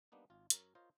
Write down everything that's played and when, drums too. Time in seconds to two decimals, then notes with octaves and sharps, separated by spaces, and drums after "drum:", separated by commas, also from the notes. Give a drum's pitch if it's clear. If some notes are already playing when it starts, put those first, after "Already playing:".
0.12 G3 A#3 B3 D4 D#4
0.30 G#1 F4
0.50 F#2 A#4 C#5, drum: hi-hat
0.75 F4 A#4 C5 C#5 D#5